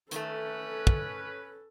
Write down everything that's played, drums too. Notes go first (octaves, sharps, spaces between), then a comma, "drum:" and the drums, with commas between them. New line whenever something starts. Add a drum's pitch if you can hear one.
D#3 A3 C#4 A4 B4, drum: hi-hat
drum: kick